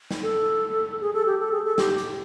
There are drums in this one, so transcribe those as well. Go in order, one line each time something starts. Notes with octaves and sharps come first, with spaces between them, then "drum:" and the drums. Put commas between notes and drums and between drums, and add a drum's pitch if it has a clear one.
drum: snare
A4
G#4
A4
G4
A4
G#4
A4
G4, drum: snare
drum: hi-hat